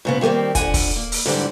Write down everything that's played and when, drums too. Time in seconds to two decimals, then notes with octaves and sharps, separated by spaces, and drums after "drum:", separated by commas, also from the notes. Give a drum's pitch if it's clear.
0.05 G#2 C#3 B3
0.21 D#3 G3 A3 A#3 C4
0.55 F2 D3 F#5 G#5, drum: kick, hi-hat
0.74 drum: kick, open hi-hat
0.96 A#3
1.12 drum: open hi-hat
1.26 G#2 D3 E3 G3